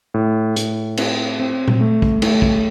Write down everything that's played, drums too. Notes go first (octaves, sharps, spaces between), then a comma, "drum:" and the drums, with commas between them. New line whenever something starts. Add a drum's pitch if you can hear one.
A2
A2, drum: hi-hat
C4, drum: cymbal
C4
drum: tom A#2
A3
drum: kick
A3, drum: cymbal
drum: kick